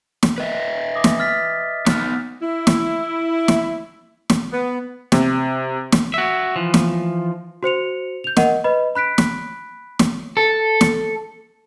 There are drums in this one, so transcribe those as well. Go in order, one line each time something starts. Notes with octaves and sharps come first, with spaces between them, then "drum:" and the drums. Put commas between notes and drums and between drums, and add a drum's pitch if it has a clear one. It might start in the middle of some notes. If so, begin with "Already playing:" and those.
drum: snare
B4 D#5 E5
A#6
D6 D#6 A#6
drum: snare
F6 A6 B6
B3 D#4 F6 F#6, drum: snare
E4
drum: snare
drum: snare
drum: snare
B3
C3, drum: snare
drum: snare
F#4 E5
E3 F3
drum: snare
F#4 C5 C#7 F7
G6 F7
A#4 D#5 F#5, drum: snare
B4 D#5 B5
B5 F#6 B6 D7
drum: snare
drum: snare
A4
drum: snare